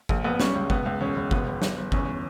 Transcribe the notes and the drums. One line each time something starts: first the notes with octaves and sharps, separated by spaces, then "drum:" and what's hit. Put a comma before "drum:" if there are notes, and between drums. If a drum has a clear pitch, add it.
A#1, drum: kick G1
A#1 B3
G3 C#4, drum: snare
C#2
C#2 B3, drum: kick G1
C#2
E1 C#4
E1
G1 B3, drum: kick G1
G1
G1, drum: snare
G1
E2 C#4, drum: kick G1